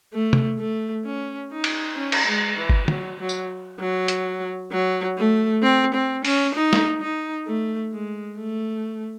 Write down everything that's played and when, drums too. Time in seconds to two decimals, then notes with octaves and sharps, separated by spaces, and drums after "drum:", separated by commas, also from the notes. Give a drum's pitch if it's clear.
0.13 A3
0.33 drum: tom
0.59 A3
1.05 C#4
1.51 D#4
1.64 drum: cymbal
1.96 C#4
2.12 drum: cymbal
2.27 G#3
2.58 E3
2.70 drum: kick G1
2.88 F#3, drum: tom
3.19 F#3
3.29 drum: tambourine
3.80 F#3
4.08 drum: hi-hat
4.71 F#3
5.18 A3
5.63 C4
5.94 C4
6.25 C#4, drum: open hi-hat
6.54 D#4
6.73 drum: snare
7.00 D#4
7.46 A3
7.92 G#3
8.38 A3